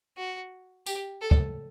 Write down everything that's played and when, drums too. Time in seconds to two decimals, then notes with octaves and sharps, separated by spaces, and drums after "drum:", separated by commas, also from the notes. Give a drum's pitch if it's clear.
0.17 F#4
0.86 G4, drum: tambourine
1.21 A4
1.31 drum: kick